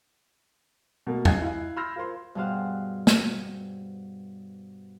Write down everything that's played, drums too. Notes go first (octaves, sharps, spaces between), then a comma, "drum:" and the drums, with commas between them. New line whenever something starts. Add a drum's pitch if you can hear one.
B2 A3 A#3
D#5 G#5 F#6 G#6 C7, drum: tom E2
E4 F5
B5 C6 E6 F6 G6 A#6
F4 A#4 C5 C6
G2 B2 G#4 C5 F5 F#5
drum: snare